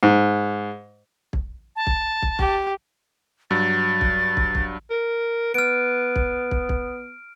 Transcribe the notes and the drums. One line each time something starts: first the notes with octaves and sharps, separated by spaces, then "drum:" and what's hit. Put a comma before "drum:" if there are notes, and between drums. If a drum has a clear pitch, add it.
G#2
drum: kick
A5
drum: kick
drum: kick
G4, drum: kick
G2 F#3 A6
drum: kick
drum: kick
drum: kick
A#4
B3 F6 D7
drum: kick
drum: kick
drum: kick